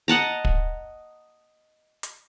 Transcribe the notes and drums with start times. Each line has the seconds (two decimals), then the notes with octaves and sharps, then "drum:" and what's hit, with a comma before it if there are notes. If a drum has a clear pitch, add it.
0.08 D#5 F#5 A5 A#5
0.45 drum: kick
2.03 drum: hi-hat